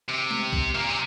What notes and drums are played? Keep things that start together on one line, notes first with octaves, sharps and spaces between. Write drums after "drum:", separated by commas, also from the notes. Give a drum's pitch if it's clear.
C3
drum: tom G#3
drum: kick B1
A#2
C3